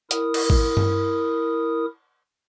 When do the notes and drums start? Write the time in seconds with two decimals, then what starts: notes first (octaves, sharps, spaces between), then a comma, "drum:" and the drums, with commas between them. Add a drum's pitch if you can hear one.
0.11 E4 A#4 D#6, drum: hi-hat
0.34 drum: cymbal
0.50 drum: kick A1
0.77 drum: tom G2